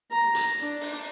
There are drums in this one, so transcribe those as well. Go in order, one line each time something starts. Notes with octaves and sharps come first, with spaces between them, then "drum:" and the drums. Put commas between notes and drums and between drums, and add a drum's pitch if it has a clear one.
A#5
drum: hi-hat
D4
drum: open hi-hat